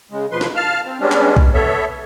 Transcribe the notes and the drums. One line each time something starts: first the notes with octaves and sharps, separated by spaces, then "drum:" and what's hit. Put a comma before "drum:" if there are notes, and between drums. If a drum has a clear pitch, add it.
C#3 G#3
D#2 B2 F3 B4 C6
drum: snare
F5 A5 F6
C4
G3 G#3 B3 C#4 D4
drum: clap
drum: kick B1
B3 A4 C#5 E5